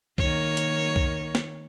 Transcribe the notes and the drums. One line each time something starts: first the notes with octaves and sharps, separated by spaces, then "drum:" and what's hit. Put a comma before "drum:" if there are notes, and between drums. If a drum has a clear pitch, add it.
D#3 A#3 C#5, drum: kick C2
drum: hi-hat
drum: kick C2
drum: snare